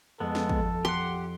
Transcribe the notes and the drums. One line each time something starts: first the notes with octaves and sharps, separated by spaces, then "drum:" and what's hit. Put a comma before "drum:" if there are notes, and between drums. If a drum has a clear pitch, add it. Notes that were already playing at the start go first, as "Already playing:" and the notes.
F2 G#3 B3 A4
drum: snare
drum: kick
G4 F#5 C6